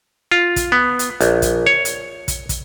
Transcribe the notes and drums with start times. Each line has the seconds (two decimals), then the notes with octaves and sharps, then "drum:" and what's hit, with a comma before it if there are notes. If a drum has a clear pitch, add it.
0.31 F4
0.56 drum: kick, hi-hat
0.72 B3
0.99 drum: hi-hat
1.21 A#1, drum: hi-hat
1.42 drum: kick, hi-hat
1.67 C#5
1.85 drum: hi-hat
2.28 drum: kick, hi-hat
2.49 drum: kick, hi-hat